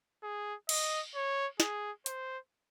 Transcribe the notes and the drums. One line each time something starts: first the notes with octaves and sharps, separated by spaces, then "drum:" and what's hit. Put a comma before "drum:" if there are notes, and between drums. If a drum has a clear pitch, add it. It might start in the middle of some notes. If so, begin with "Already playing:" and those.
G#4
D#5, drum: cymbal
C#5
G#4, drum: snare
C5, drum: hi-hat